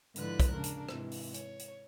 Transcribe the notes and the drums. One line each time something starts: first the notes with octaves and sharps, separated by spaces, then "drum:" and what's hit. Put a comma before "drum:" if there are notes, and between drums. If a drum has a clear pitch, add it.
G#2 D3 F3 E4 B4 F#6, drum: hi-hat
drum: kick, hi-hat
C#3 D4 A#4
drum: hi-hat
G#2 C3 E3, drum: rim click
drum: open hi-hat
C#5, drum: hi-hat
drum: hi-hat